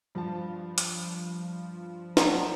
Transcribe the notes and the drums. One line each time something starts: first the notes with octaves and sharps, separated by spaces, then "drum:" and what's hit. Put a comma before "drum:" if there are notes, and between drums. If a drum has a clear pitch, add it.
G2 F3 F4 A5
drum: hi-hat
F#3 D4 A#5, drum: snare